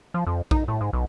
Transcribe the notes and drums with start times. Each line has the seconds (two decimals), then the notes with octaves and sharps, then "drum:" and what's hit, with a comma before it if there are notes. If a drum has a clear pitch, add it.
0.14 F3
0.27 F2
0.51 D#4, drum: kick A#1
0.68 A2
0.81 G#2
0.93 B1